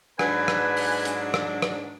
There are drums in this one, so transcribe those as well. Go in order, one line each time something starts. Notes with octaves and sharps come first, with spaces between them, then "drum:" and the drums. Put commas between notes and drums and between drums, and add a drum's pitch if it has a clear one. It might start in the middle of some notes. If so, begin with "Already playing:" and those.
G#2 F#3 D4 B4 G#5, drum: rim click
drum: rim click
drum: open hi-hat
drum: hi-hat
drum: rim click
drum: rim click